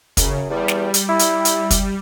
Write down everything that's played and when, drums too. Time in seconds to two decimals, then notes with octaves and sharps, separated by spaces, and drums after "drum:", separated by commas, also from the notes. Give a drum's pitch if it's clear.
0.17 F#2 C#3, drum: kick, hi-hat
0.50 E2 G3
0.68 drum: snare
0.94 drum: hi-hat
1.09 E4
1.19 drum: hi-hat
1.45 drum: hi-hat
1.70 drum: kick, hi-hat